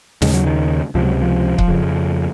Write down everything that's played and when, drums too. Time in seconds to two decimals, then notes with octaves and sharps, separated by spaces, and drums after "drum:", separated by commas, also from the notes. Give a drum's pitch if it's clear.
0.22 D#2 C#3 G#3, drum: snare
0.34 F#3
0.46 D#3
0.95 C#2 C3 F3
1.05 F#3
1.22 F3
1.58 drum: kick C#1
1.68 F2 C#3